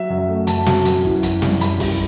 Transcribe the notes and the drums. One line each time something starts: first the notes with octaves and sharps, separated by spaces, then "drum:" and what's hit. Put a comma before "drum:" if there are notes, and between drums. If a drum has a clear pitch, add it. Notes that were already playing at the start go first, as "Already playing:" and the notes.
Already playing: F#3 E5
F#2
E5
A3
F#2 A5, drum: hi-hat
F#3, drum: snare
F#2, drum: hi-hat
E3, drum: kick
F#2, drum: hi-hat
G3, drum: snare
F#2 B5, drum: hi-hat
E3, drum: kick, open hi-hat